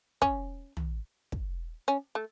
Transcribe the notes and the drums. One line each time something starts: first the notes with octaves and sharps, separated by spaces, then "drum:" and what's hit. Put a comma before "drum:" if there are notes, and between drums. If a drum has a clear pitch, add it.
C#4, drum: kick
drum: tom
drum: kick
C#4
A3